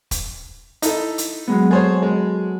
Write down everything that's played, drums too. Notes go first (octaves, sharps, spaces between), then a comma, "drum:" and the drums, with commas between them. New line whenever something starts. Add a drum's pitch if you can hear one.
drum: kick E1, hi-hat
D#4 E4 A4, drum: hi-hat
drum: hi-hat
F#3 G#3 B3
G#4 A4 C5 C#5
G#3